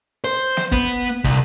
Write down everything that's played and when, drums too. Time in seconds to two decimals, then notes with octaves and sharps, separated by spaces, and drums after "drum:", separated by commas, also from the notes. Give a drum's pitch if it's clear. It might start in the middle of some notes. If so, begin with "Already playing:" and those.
0.24 C5
0.57 drum: snare
0.72 B3, drum: kick
1.24 C2, drum: kick